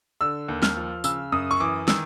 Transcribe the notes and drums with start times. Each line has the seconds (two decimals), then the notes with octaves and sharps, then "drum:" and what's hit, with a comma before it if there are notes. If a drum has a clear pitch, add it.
0.21 D3 E6
0.49 D#2
0.62 F6, drum: snare
0.77 F3
1.04 C#3 E6, drum: tambourine
1.32 F#2 D#6
1.51 C#6
1.60 E3 D6
1.88 D#3 E6, drum: snare